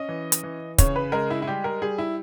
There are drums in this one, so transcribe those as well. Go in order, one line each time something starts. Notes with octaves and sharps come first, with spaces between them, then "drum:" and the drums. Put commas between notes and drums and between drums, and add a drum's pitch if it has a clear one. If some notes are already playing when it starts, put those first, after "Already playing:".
Already playing: C#4 D#5
E3
drum: hi-hat
E3
C#3 C#5, drum: kick, hi-hat
B4
G#3 A#4
E4
E4
G3 G4
A#4
G3 G#4
E4